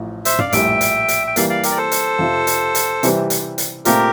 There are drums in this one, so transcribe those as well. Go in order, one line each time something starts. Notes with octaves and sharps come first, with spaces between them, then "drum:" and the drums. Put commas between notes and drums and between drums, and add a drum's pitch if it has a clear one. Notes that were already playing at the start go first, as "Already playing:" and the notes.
Already playing: A1 A2 F3
C5 E5, drum: hi-hat
D5 F5, drum: tom
A#1 A2 G3 E5 G5, drum: hi-hat
drum: hi-hat
drum: hi-hat
G5
E3 G3 A#3 D5 F5, drum: hi-hat
D5 F5
G4 A#4, drum: hi-hat
D5
A4 C5
drum: hi-hat
F2 C3 F3
drum: hi-hat
drum: hi-hat
C3 E3 G3 C4, drum: hi-hat
drum: hi-hat
drum: hi-hat
A#2 A3 C4 F4 G4 A#4, drum: hi-hat